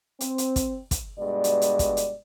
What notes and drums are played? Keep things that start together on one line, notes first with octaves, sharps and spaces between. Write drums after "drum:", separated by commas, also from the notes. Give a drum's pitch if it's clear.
C4, drum: hi-hat
drum: hi-hat
drum: kick, hi-hat
drum: kick, hi-hat
G2 B2 G#3 D5
drum: hi-hat
drum: hi-hat
drum: kick, hi-hat
drum: hi-hat